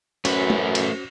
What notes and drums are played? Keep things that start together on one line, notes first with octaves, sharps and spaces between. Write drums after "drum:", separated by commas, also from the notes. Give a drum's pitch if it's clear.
F#2 A3 C#4 F#4 B4 C5, drum: cymbal
drum: tom
drum: cymbal